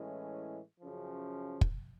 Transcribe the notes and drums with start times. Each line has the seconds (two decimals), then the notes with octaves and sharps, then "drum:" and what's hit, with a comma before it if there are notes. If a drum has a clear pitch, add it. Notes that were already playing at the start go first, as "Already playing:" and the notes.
Already playing: A2 E3 G#3 C#4
0.80 F#2 C#3 F3
1.61 drum: kick